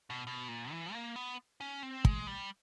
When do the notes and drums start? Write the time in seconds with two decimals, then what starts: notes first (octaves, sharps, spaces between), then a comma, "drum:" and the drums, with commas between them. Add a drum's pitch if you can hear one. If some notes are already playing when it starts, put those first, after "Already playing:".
0.10 B2
0.27 B2
0.48 A#2
0.71 E3
0.93 A#3
1.16 B3
1.61 C#4
1.83 C4
2.05 G#3, drum: kick
2.27 G3